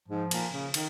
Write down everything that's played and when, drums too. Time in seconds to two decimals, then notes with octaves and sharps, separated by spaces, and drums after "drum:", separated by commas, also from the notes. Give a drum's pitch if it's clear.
0.08 G#2 F3
0.31 A#2, drum: cymbal
0.52 C#3
0.74 D#3, drum: cymbal